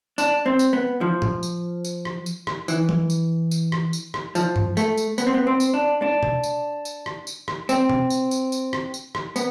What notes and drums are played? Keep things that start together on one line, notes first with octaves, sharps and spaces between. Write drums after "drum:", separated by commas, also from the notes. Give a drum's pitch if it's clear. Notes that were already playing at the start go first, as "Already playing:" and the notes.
D4, drum: tambourine
C4
drum: tambourine
B3
F3
drum: tom
drum: tambourine
drum: tambourine
drum: rim click
drum: tambourine
drum: rim click
E3, drum: tambourine
drum: tom F3
drum: tambourine
drum: tambourine
drum: rim click
drum: tambourine
drum: rim click
F3, drum: tambourine
drum: tom G2
A3, drum: tambourine
drum: tambourine
B3, drum: tambourine
C4
B3
C4
drum: tambourine
D4
D4
drum: tom B2
drum: tambourine
drum: tambourine
drum: rim click
drum: tambourine
drum: rim click
C4, drum: tambourine
drum: tom B2
drum: tambourine
drum: tambourine
drum: tambourine
drum: rim click
drum: tambourine
drum: rim click
B3, drum: tambourine